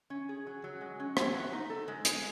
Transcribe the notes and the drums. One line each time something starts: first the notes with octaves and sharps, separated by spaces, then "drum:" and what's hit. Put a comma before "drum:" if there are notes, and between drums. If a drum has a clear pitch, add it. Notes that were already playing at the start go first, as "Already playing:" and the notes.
C#4
G#4
F#3
F#3
G#3
C#4
A2, drum: rim click
F#4
D#4
A4
G#3
G#3, drum: hi-hat